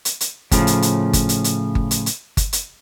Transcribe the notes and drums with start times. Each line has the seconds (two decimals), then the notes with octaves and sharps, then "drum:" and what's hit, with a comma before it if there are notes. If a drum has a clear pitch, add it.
0.05 drum: hi-hat
0.21 drum: hi-hat
0.51 A2 C#3 F3, drum: kick G1, hi-hat
0.67 drum: hi-hat
0.82 drum: hi-hat
1.13 drum: kick G1, hi-hat
1.29 drum: hi-hat
1.44 drum: hi-hat
1.75 drum: kick G1
1.91 drum: hi-hat
2.06 drum: hi-hat
2.37 drum: kick G1, hi-hat
2.53 drum: hi-hat